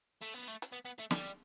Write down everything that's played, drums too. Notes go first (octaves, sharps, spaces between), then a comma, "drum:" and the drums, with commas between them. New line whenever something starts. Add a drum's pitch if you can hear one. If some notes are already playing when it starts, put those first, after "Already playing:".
A3
B3
A3
drum: hi-hat
B3
B3
A3
G3, drum: snare